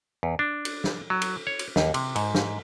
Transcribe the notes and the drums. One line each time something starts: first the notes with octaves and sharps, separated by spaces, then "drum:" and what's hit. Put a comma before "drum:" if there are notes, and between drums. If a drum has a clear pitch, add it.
E2
D4
drum: cymbal
drum: snare
F#3
drum: cymbal
C#5
drum: cymbal
D#2, drum: snare
C3, drum: cymbal
G#2, drum: cymbal
drum: snare